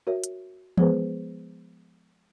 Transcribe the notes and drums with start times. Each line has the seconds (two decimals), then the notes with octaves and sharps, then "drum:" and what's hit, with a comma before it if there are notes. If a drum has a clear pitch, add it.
0.07 F#4 A#4 C#5 E5
0.24 drum: hi-hat
0.78 F3 G#3 B3 G#4 B4 C5, drum: tom E3